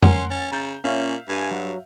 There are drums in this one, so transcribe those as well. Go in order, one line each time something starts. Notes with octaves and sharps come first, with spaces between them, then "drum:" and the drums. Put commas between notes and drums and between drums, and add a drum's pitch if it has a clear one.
C#4 A#4 F#5 C6, drum: tom F2
C#4 A6
C#3 A#5 G6
A#2 C#4 E5 F5
G2 G#5
F#3